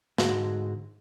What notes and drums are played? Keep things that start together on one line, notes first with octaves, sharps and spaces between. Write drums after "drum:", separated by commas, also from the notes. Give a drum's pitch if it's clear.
G#2 D3 G#3 F#4, drum: snare